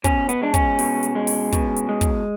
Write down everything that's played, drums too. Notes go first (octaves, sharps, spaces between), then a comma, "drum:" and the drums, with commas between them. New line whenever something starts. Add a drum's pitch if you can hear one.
B2 C#4, drum: kick, hi-hat
B3, drum: hi-hat
G#3 D4
C#4, drum: kick, hi-hat
B2, drum: open hi-hat
drum: hi-hat
G#3
drum: open hi-hat
B2, drum: kick, hi-hat
drum: hi-hat
G#3
drum: kick, hi-hat